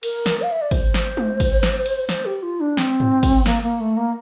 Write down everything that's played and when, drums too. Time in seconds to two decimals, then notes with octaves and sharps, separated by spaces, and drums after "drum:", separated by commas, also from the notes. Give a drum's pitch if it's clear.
0.03 A#4, drum: cymbal
0.26 drum: snare
0.42 F5
0.52 E5
0.61 D5
0.71 C5, drum: kick, cymbal
0.94 drum: snare
1.17 drum: tom G#3
1.40 drum: kick, cymbal
1.63 drum: snare
1.86 drum: cymbal
2.09 C5, drum: snare
2.25 G4
2.42 F4
2.60 D4
2.77 C4, drum: snare
3.00 drum: tom G#2
3.23 drum: kick, cymbal
3.46 A#3, drum: snare
3.63 A#3
3.80 A3
3.97 A#3